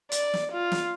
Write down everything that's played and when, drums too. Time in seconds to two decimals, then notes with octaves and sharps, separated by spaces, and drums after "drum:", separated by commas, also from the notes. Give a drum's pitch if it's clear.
0.12 D5, drum: hi-hat
0.34 drum: snare
0.53 F4
0.72 drum: snare